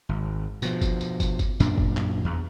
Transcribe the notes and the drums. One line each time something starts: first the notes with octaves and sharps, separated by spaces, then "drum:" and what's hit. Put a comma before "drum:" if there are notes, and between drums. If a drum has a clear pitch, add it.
G#1
B2 F3, drum: tambourine
drum: kick, tambourine
drum: tambourine
drum: kick, tambourine
drum: kick, tambourine
F#2 A#2 D4, drum: tambourine
drum: kick
drum: clap
E2